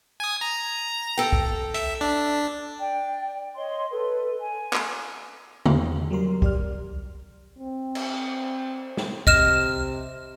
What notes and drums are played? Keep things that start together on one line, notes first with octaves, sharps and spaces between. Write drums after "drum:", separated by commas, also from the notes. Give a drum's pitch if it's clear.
G#5 D#6
A#5
A4 G5
drum: kick
E5, drum: hi-hat
D4
D5 G5
C#5 D#5 C6
A4 B4
G#5
drum: clap
E2, drum: tom C#3
F#3 G3 A#4 C6
G4 D5 F6, drum: kick
C4
drum: cymbal
drum: snare
C3 D#5 F6 E7, drum: kick